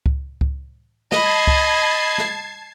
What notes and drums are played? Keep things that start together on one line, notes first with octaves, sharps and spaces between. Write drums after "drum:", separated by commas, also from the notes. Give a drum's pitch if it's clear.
drum: kick C#2
drum: kick C#2
D#5 A5 B5 G#6 C7, drum: snare
drum: kick C#2
drum: snare